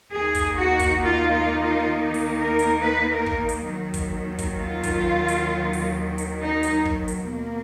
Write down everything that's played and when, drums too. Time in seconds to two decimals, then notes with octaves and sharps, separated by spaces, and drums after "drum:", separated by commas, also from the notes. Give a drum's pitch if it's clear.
0.12 D#2 D#3 A#3 D#4 G#4
0.35 drum: kick, hi-hat
0.57 F#4
0.79 drum: kick, hi-hat
1.02 F4
1.32 F4
1.62 F4
2.14 drum: open hi-hat
2.37 A#4
2.59 drum: hi-hat
2.81 B4
3.12 A#4
3.26 drum: kick
3.49 drum: hi-hat
3.71 D#2 D#3 F#3
3.94 drum: kick, hi-hat
4.38 drum: kick, hi-hat
4.60 F4
4.83 drum: kick, hi-hat
5.28 drum: hi-hat
5.73 drum: open hi-hat
6.18 drum: hi-hat
6.41 D#4
6.63 drum: hi-hat
6.85 drum: kick
7.08 drum: hi-hat
7.30 B2 A#3